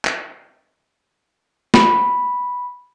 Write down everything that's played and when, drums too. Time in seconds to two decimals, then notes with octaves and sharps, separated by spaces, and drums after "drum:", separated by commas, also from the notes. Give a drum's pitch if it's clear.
0.05 drum: clap
1.74 B5, drum: snare